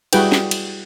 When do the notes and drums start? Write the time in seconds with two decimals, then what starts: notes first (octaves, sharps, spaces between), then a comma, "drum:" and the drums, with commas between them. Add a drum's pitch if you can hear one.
0.13 G3 E4 F#4 G#4 B4 G5, drum: cymbal
0.32 drum: snare
0.51 drum: cymbal